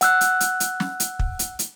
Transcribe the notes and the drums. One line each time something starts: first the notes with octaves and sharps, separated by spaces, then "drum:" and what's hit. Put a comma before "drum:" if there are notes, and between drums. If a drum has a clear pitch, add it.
F#5 E6 F#6, drum: hi-hat
drum: hi-hat
drum: hi-hat
drum: hi-hat
drum: snare
drum: hi-hat
drum: kick
drum: hi-hat
drum: hi-hat